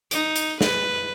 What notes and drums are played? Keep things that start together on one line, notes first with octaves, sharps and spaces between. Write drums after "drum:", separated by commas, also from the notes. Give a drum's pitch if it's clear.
D#4, drum: hi-hat
drum: hi-hat
B4, drum: snare